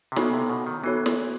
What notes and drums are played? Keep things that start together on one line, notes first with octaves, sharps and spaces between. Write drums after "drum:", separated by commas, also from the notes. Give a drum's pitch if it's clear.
C3
C#3 B3 D#4 F#4 A4 C#5, drum: snare
C3
B2
D#3
E3 B3 D#4 F#4 A4 C#5
drum: snare